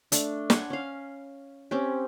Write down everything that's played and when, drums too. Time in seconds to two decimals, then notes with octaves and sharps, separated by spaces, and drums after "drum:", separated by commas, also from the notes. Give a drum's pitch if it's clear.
0.12 A3 D4, drum: hi-hat
0.50 F#5 G#5 B5 C6, drum: snare
0.70 C#4 F5
1.71 C4 C#4 G4